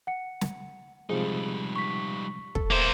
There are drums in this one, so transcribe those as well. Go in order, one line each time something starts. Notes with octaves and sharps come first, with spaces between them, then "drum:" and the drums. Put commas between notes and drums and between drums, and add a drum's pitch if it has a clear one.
F#5 C#7
drum: snare
C3 F3 G3 G#3 D#4 G#4
C#6 B6
A4, drum: kick
A#3 B4 C5 E5